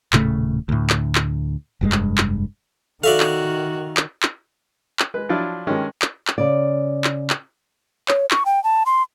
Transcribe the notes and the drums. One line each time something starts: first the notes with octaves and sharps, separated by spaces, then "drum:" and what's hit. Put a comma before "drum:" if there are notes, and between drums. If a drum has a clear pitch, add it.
D#1 A2 C#3 A3, drum: clap
D2 A2
drum: clap
drum: clap
F1 G2 C#3 G#3
drum: clap
drum: clap
D#3 F#4 A4 D5 E5 F5
drum: clap
drum: clap
drum: clap
drum: clap
G#3 B4
F3 F#3 D4 E4 F4
G2 D#3 G#3 C#4
drum: clap
drum: clap
C#3 D5
drum: clap
drum: clap
C#5, drum: clap
C#6, drum: clap
G5
A5
C6